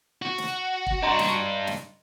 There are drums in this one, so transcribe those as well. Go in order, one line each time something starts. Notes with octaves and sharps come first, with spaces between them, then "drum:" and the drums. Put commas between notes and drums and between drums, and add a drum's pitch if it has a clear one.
F#4
drum: snare
drum: kick
G2 D4 D#5 A#5 C6
drum: snare
drum: snare